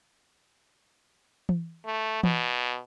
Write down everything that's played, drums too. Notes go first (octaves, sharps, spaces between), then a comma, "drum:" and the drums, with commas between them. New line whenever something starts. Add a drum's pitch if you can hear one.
drum: tom E3
A3
B2, drum: tom E3